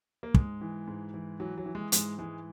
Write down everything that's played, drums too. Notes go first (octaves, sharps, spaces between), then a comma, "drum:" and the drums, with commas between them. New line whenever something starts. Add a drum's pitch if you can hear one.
A#3
G#2 G#3, drum: kick
E3
G#2
E3
E3 F#3
F#3
E3
G#3
G#2 G#3, drum: hi-hat
E3 G#3